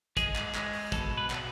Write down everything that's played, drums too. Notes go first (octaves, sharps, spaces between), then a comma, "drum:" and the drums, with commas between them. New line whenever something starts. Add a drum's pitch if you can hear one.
G#3 G#4, drum: kick, hi-hat
drum: clap
G#3, drum: clap
drum: open hi-hat
B2 A4, drum: kick, hi-hat
B4
B2, drum: clap